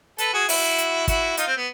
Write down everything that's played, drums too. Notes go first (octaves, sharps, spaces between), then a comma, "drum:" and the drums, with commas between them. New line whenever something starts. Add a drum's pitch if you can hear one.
A4 B4, drum: hi-hat
F#4 G#4
E4 F#4, drum: open hi-hat
drum: hi-hat
E4 F#4, drum: kick, hi-hat
D#4 F4, drum: hi-hat
C4
B3